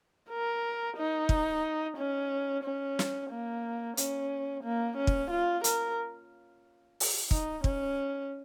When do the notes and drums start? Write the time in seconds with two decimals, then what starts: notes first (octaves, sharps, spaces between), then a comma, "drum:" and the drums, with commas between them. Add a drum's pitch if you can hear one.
0.30 A#4
0.97 D#4
1.29 drum: kick
1.97 C#4
2.64 C#4
2.99 drum: snare
3.30 A#3
3.97 C#4, drum: hi-hat
4.64 A#3
4.97 C#4
5.07 drum: kick
5.31 F4
5.64 A#4, drum: hi-hat
7.00 drum: open hi-hat
7.31 D#4, drum: kick
7.64 C#4, drum: kick